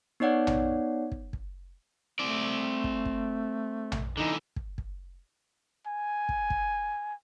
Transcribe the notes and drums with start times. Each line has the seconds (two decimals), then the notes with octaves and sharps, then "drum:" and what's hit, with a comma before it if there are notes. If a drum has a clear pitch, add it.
0.20 B3 D#4 C#5 D5 F#5
0.47 drum: tom A#1
1.12 drum: kick
1.33 drum: kick
2.19 A3 C4 D5
2.84 drum: kick
3.06 drum: kick
3.92 drum: tom A#1
4.17 D3 E3 D#4
4.56 drum: kick
4.78 drum: kick
5.87 G#5
6.29 drum: kick
6.50 drum: kick